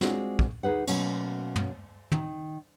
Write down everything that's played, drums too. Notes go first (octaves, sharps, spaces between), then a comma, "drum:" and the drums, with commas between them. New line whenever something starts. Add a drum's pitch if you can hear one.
G#3 C4 D4 F4 F#4, drum: snare
drum: kick
D2 D#4 G#4 B4 F#5
B2 F#3 A3 A#3 C#4, drum: cymbal
drum: tom
D#3, drum: tom